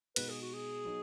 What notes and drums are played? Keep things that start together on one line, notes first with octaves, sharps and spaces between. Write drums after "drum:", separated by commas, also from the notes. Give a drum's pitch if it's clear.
B2 G#3 D#4 F#4 B4, drum: cymbal
G#4
F#4
G#4
F#3 B3 D#4